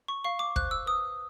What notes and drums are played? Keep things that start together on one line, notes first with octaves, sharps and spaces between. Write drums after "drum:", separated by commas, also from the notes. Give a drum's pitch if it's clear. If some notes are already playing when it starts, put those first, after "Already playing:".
C#6
F5 C#6
D6
C5 F#6, drum: kick
E6
B4 D#6